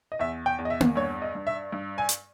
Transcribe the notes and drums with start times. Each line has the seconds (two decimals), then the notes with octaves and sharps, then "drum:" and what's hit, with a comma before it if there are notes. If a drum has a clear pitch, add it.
0.12 D#5
0.19 E2 E5
0.46 G5
0.59 E2
0.65 D#5
0.70 E5
0.80 drum: tom A#3
0.96 G2 C#5
1.22 D#5
1.35 G2
1.47 E5
1.72 G2
1.98 G#5
2.09 drum: hi-hat